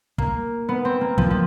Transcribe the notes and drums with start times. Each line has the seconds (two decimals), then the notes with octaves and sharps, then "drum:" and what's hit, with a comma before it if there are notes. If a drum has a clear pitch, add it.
0.18 A#3, drum: kick
0.69 B3
0.85 C4
1.01 A#3
1.18 F3, drum: kick
1.31 F3